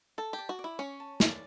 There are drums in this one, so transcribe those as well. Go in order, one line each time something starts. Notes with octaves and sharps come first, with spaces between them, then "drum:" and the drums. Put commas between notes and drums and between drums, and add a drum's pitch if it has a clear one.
A4 A5
G4
D5
F#4
D5
E4
C#4 C#6
A5
D5, drum: snare